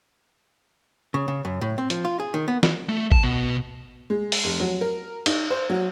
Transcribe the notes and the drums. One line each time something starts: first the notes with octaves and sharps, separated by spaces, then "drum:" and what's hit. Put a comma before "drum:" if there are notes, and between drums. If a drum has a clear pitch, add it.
C#3
C#3
F#2
A2
C4
F3, drum: hi-hat
F4
G#4
D#3
B3
drum: snare
A3
A5, drum: kick G#1
B2
G#3
drum: open hi-hat
F1
F#3
A#4
D#4, drum: cymbal
C5
F#3